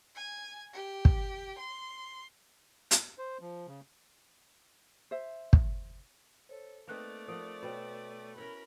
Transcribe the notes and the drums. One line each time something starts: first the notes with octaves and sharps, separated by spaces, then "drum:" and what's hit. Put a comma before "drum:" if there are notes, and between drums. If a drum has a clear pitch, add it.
G#5
G4
drum: kick
C6
drum: hi-hat
C5
F3
C#3
C5 E5
drum: kick
A4 C5 C#5
A3 A#3 C4 D#4 B4 D5 F#6
F3 A4 A#4 F#5 D#6 D7
B2 C#5 G5 B5
C#4 E4 A#4 B4 B5